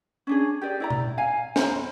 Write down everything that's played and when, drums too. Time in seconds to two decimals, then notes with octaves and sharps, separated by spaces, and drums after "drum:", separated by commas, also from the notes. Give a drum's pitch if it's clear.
0.27 C#4 D4 G#4
0.61 G4 G#4 D5
0.80 E4 D5 A#5
0.90 drum: tom B2
1.18 F5 G#5
1.56 C5 A#5 B5, drum: snare